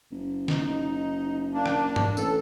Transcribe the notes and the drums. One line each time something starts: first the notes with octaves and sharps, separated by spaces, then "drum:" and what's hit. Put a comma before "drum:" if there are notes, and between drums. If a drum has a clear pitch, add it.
F#1
D#4, drum: snare
A#3 D4
drum: rim click
drum: tom
A1 A4, drum: tambourine